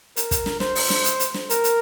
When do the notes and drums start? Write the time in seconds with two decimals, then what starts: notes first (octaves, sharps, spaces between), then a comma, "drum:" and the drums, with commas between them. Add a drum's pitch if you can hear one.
0.17 A#4, drum: hi-hat
0.31 drum: kick, hi-hat
0.46 drum: snare
0.60 C5, drum: snare
0.75 drum: open hi-hat
0.90 drum: snare
1.05 drum: hi-hat
1.20 drum: hi-hat
1.34 drum: snare
1.50 A#4, drum: hi-hat
1.64 drum: hi-hat